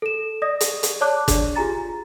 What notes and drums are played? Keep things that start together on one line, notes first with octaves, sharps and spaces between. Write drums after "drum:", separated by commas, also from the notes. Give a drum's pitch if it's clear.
A4 E7
D5 D#5 D#6 A#6
drum: hi-hat
drum: hi-hat
C#5 D5 A5 D6 F#6
D4 D5, drum: kick, hi-hat
F4 G4 G#4 G#5 A#5 A6